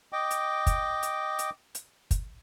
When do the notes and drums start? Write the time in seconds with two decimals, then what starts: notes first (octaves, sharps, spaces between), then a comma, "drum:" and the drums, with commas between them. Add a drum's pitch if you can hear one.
0.13 D#5 G5 D6
0.31 drum: hi-hat
0.67 drum: kick, hi-hat
1.03 drum: hi-hat
1.39 drum: hi-hat
1.75 drum: hi-hat
2.11 drum: kick, hi-hat